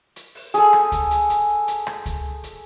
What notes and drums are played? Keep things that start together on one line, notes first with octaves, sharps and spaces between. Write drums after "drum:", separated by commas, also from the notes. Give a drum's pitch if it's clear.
drum: hi-hat
drum: open hi-hat
G#4 A4, drum: hi-hat
drum: rim click
drum: kick C#2, hi-hat
drum: hi-hat
drum: hi-hat
drum: hi-hat
drum: rim click
drum: kick C#2, hi-hat
drum: hi-hat